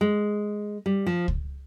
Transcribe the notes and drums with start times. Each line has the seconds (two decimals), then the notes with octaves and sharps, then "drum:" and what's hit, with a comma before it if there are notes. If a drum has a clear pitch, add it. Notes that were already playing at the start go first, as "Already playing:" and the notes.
0.01 G#3
0.86 G3
1.06 F3
1.28 drum: kick C#2